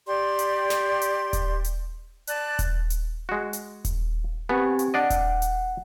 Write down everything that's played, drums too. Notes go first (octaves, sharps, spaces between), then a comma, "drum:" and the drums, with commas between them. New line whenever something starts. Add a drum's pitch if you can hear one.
G4 D5 C6
drum: hi-hat
drum: snare
drum: hi-hat
drum: kick D#1, hi-hat
drum: hi-hat
D5 A5 F#6, drum: hi-hat
drum: kick D#1, hi-hat
drum: hi-hat
G#3 F#4
drum: hi-hat
drum: kick D#1, hi-hat
B3 C4 G4 G#5
drum: hi-hat
D4 D5 D#5 F#5
drum: kick D#1, hi-hat
drum: hi-hat